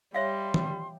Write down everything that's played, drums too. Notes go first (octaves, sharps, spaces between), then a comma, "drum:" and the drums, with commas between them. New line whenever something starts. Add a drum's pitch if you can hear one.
G3 C#5 E5 F5 C6
drum: tom E3